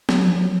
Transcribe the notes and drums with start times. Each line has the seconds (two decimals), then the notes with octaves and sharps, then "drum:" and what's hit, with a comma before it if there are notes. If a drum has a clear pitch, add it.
0.09 F#3, drum: snare C4
0.26 F3
0.39 F#3